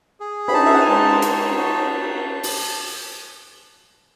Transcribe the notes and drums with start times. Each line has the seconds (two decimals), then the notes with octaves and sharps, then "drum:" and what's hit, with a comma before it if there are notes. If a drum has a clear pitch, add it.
0.20 G#4
0.48 B5, drum: cymbal
0.54 D#4 A5
0.65 E5
0.73 F#5
0.81 G#5
0.88 G#3 A5
1.22 D#4, drum: hi-hat
1.56 F#4 A5
1.90 F#4
2.43 drum: open hi-hat